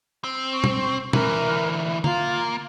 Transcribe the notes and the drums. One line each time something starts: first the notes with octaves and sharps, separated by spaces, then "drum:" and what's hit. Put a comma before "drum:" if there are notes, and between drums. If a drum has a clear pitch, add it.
C4
C#6
drum: tom B2
D2 E3 A#4, drum: tom B2
A#3 F4, drum: tom D3